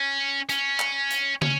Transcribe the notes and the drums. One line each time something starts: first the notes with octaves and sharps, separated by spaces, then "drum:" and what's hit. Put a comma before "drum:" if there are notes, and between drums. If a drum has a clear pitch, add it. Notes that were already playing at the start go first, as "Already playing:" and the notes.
Already playing: C#4
C#4, drum: hi-hat
drum: clap
drum: hi-hat
C#4, drum: tom